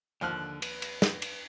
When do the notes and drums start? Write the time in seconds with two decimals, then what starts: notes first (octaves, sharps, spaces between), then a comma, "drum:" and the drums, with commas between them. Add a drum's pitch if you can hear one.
0.21 D#2 D3 F3 F6 F#6
0.62 B4, drum: cymbal
0.82 drum: cymbal
1.02 drum: snare
1.22 drum: cymbal